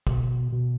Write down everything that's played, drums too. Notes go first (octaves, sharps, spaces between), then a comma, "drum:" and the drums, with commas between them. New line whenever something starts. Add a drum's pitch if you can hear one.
B2, drum: kick
B2